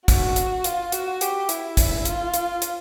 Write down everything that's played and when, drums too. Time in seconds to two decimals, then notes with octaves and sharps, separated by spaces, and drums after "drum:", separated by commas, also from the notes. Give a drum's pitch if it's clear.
0.08 F#4, drum: kick, hi-hat
0.36 drum: hi-hat
0.64 F4, drum: hi-hat
0.92 F#4, drum: hi-hat
1.21 G4, drum: hi-hat
1.49 E4, drum: hi-hat
1.77 drum: kick, hi-hat
2.05 F4, drum: hi-hat
2.34 drum: hi-hat
2.62 drum: hi-hat